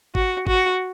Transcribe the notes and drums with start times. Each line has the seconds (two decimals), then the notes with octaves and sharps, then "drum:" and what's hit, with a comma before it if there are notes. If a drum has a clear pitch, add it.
0.15 F#4, drum: kick G#1
0.47 F#4, drum: kick G#1